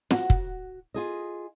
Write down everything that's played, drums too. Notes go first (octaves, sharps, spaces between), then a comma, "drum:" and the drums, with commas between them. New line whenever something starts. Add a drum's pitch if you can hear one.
F#4 F#5, drum: snare
drum: kick
F4 G#4 D#5